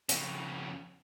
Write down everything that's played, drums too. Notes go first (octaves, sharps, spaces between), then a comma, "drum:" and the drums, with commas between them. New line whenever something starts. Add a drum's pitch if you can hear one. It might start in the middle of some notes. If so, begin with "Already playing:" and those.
F2 C#3, drum: hi-hat